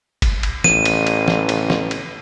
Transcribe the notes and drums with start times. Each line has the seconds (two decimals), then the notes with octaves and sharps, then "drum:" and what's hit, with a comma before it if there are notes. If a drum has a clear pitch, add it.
0.22 drum: kick F#1, cymbal
0.43 drum: cymbal
0.64 A1 D#7, drum: snare
0.85 drum: cymbal
1.07 drum: cymbal
1.28 drum: snare
1.49 drum: cymbal
1.70 drum: snare
1.91 drum: cymbal